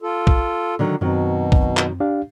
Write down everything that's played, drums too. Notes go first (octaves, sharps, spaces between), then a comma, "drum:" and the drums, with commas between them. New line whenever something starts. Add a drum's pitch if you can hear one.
F4 A4
drum: kick B1
D3 D#3 F#3
F#2 B2 D#3 F#3 C4
drum: kick B1
drum: clap
D4 G4 F5